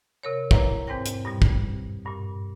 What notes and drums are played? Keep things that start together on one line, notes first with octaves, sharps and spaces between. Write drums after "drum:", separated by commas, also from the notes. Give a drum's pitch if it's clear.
C3 A#4 C#5
E4 A#4 B4 C#5 A#5 D6, drum: kick
E2 G#2 C4 C5 G5 A#6
drum: hi-hat
G2 B2 G3
drum: kick
G2 A#2